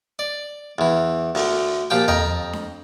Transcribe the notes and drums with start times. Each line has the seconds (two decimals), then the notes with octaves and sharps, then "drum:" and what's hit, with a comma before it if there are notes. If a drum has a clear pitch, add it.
0.19 D5
0.78 E2 E3
1.35 D2, drum: open hi-hat
1.90 A#2 F3 G4 G5
2.08 F2 D#5 G5 A#5, drum: tom E2
2.53 drum: snare D4